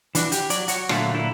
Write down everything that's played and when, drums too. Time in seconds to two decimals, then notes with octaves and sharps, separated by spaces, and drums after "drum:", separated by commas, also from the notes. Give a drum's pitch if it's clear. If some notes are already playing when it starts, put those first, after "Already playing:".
0.15 E3 D4 F#4, drum: hi-hat
0.32 G4, drum: hi-hat
0.50 F#3 D5, drum: hi-hat
0.68 F#4 C#5, drum: hi-hat
0.89 A#2 D3 F#3 A3 A#3, drum: rim click
1.14 A#2 D3 A#3 E4